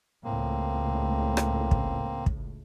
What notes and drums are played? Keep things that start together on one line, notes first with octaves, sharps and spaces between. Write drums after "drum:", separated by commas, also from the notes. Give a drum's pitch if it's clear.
C#2 A2 A#3 C4
drum: rim click
drum: kick
drum: kick